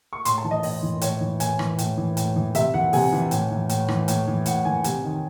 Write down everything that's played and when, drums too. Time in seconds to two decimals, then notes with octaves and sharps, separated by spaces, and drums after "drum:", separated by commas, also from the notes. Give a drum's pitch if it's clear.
0.13 C#6
0.25 A2 C6, drum: hi-hat
0.38 A5
0.44 E3
0.51 D#5
0.63 A2 D#5, drum: open hi-hat
0.83 E3
1.01 A2 C#5, drum: hi-hat
1.21 E3
1.40 A2 G#5, drum: hi-hat
1.59 E3, drum: rim click
1.78 A2, drum: hi-hat
1.97 E3
2.17 A2, drum: hi-hat
2.36 E3
2.55 C3 E5, drum: hi-hat
2.74 E3 F#5
2.93 C3 G#5, drum: open hi-hat
3.12 E3
3.31 A2, drum: hi-hat
3.51 E3
3.69 A2, drum: hi-hat
3.88 E3, drum: rim click
4.08 A2, drum: hi-hat
4.27 E3
4.46 A2 F#5, drum: hi-hat
4.65 E3 G#5
4.84 C3 G#5, drum: hi-hat
5.04 D#3